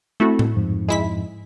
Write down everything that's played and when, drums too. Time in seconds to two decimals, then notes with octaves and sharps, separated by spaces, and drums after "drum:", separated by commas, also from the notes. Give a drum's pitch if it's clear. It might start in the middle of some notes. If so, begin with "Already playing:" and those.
0.20 A3 C4 E4 F#4 A4
0.39 drum: tom A2
0.56 F2 G#2 F3
0.89 G#3 E4 B6